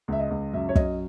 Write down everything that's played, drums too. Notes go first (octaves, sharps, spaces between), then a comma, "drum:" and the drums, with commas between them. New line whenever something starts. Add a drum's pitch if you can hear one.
C#2 E5
D#5
C#2
F#2 E5
C#5
F#2 D#5, drum: kick